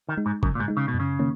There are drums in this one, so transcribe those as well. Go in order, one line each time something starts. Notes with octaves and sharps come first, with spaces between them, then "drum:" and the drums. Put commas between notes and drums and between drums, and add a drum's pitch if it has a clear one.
D#3
G#3 D#4
G#2
F#2 C#3, drum: kick
A#2
G#2
G#3 D#4
C#3
B2
F#2
C#3
D#3 A#3 C#4